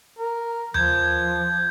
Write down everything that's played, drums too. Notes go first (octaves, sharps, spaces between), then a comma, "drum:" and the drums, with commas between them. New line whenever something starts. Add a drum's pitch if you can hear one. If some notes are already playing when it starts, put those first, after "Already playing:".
A#4
F3 G6 G#6, drum: tom D#2